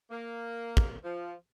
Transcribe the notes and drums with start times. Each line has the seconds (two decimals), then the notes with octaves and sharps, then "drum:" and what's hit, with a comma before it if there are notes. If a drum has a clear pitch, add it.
0.11 A#3
0.77 drum: kick
1.04 F3